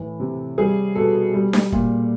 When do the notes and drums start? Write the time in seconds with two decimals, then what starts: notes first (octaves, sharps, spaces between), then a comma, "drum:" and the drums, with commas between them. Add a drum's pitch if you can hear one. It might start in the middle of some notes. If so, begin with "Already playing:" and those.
Already playing: A2 E3
0.20 C3
0.58 G3 G#4
0.95 B2 A4
1.34 G3
1.53 drum: snare D4
1.72 A#2, drum: kick